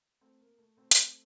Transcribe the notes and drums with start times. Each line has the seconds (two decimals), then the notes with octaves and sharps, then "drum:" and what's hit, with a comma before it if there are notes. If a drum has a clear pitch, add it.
0.21 A3 C4
0.40 A#3
0.58 A3
0.77 A3 C4
0.91 drum: hi-hat